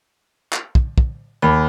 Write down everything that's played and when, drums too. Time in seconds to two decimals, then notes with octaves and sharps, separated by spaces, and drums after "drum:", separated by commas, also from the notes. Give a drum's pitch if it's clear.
0.53 drum: clap
0.75 drum: kick
0.98 drum: kick
1.42 D#2 B5